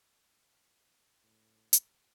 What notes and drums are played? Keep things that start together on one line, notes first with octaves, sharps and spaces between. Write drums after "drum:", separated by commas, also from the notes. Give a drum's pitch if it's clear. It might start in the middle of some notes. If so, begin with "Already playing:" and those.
A2
drum: hi-hat